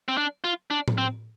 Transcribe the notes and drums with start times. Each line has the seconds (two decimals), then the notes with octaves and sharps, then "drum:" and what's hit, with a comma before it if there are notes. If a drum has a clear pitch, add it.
0.08 C4
0.17 D4
0.44 F4
0.70 D4
0.88 drum: tom A2
0.98 C4